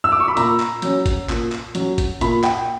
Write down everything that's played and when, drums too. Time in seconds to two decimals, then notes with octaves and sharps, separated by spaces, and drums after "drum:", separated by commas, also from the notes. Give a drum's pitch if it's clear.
0.04 E6
0.12 D6
0.20 C#6
0.28 B5
0.37 A#2 A#5, drum: hi-hat
0.60 drum: clap
0.82 F#3 C#4, drum: hi-hat
1.06 drum: kick G1, hi-hat
1.29 A#2, drum: clap
1.52 drum: clap
1.75 F#3 C#4, drum: hi-hat
1.98 drum: kick G1, hi-hat
2.21 A#2 B5, drum: hi-hat
2.44 G5, drum: clap